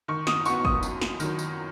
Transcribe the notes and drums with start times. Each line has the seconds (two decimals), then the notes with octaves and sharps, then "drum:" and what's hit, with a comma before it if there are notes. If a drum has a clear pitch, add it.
0.08 D#3 C#6
0.27 D#6, drum: snare
0.45 B3 F#4 C#6, drum: tambourine
0.65 D#6, drum: kick
0.83 F#2, drum: tambourine
1.01 drum: snare
1.20 D#3 F#3, drum: tambourine
1.39 drum: tambourine